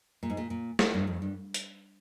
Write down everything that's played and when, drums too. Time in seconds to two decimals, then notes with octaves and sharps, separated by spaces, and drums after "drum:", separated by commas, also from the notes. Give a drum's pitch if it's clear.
0.23 A#2
0.30 G#2
0.37 A#2
0.50 A#2
0.79 drum: snare
0.94 G2
1.07 F2
1.22 G2
1.54 drum: hi-hat